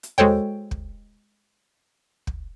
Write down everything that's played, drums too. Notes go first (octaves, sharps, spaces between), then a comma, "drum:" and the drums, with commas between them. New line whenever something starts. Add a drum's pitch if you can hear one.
drum: hi-hat
G#3 F#4 A4 C5 C#5 G5, drum: tom D#2
drum: kick
drum: kick